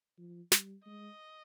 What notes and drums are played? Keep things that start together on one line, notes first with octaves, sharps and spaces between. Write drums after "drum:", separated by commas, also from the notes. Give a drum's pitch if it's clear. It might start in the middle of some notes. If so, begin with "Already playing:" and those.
F3
G3, drum: snare
G#3 D#5